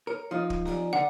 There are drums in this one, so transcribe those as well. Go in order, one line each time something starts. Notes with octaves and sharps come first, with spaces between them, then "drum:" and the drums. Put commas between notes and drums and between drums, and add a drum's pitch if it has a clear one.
A#4 C#5
F3 D#4 D#5
drum: kick
D5 G#5 A#5, drum: snare
D3 D4 D5 F#5 A#5